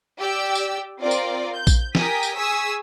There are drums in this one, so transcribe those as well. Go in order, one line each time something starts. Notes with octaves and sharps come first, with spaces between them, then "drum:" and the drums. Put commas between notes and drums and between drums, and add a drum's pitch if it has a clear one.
G4 D5 G5 E6
drum: tambourine
C4 F4 A#4 D5
drum: tambourine
G6
drum: kick A#1, tambourine
G4 A#4 G5 G#5 D#6 B6, drum: snare
drum: tambourine
G#4 G#5 C#6 D#6 E6 B6